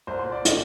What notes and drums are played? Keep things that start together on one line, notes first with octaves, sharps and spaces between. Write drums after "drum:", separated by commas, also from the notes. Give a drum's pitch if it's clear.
C2 C5
A#2 C5
D5
D#5, drum: hi-hat